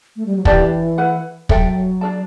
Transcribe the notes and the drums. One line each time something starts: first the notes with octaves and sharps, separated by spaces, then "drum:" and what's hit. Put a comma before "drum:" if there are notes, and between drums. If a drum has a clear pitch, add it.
A3
G3
F#3
E3 D4 G4 D5 A5, drum: kick
E4 B4 F#5
F#3 A4 E5 G5, drum: kick
D4 A4 D5 A5